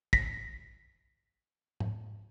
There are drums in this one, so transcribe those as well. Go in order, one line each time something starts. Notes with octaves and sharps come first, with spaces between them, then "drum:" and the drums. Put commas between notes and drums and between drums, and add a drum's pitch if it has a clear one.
A#6 B6, drum: kick
drum: tom G#2